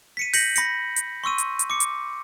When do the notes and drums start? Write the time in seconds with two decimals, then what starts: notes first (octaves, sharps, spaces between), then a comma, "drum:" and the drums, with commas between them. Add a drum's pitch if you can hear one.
0.17 B6 C#7 D#7
0.33 G6 A#6 B6 C#7 F#7, drum: open hi-hat
0.56 B5 A#6 C#7, drum: hi-hat
0.96 drum: hi-hat
1.24 C6 C#6 E6 D#7
1.38 drum: hi-hat
1.59 drum: hi-hat
1.70 D6 C#7
1.80 drum: hi-hat